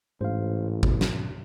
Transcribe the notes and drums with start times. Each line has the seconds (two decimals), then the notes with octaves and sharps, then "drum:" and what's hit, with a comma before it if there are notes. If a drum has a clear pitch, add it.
0.21 A1 G#2 C5 F5
0.83 B2, drum: kick G#1
1.01 drum: snare